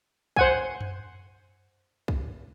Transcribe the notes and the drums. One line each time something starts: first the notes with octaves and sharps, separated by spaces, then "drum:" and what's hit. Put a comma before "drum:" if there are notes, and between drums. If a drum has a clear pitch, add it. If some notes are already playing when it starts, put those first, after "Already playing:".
C5 F#5 G#5, drum: kick
drum: tom F#2
drum: kick